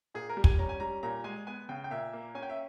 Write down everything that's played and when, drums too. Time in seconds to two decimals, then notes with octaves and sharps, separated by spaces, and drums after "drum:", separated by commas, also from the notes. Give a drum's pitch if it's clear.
0.14 A#2 G#4
0.29 A#4
0.37 G3
0.44 G#5, drum: kick
0.59 C#4 A#5
0.69 G#5
0.80 G3 A#5
1.03 A#2 A#5
1.24 G#3 G#5
1.47 B3 G#5
1.69 C#3 G5
1.84 G5
1.91 A#2 E5
2.13 A#3
2.35 C#4 G#5
2.43 G5
2.50 E5